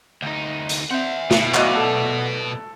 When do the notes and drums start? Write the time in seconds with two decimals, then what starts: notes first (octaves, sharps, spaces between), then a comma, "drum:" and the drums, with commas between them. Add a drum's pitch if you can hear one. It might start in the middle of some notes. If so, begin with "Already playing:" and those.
0.23 D2 D#4
0.69 drum: hi-hat
0.91 C4 E5 F#5
1.31 B2, drum: snare
1.54 F#3 F#4 D5 D#5 F5, drum: clap
1.75 A4